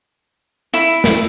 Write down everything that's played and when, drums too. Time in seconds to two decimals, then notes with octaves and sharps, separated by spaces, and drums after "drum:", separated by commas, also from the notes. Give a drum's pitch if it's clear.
0.74 E4, drum: hi-hat
1.04 drum: snare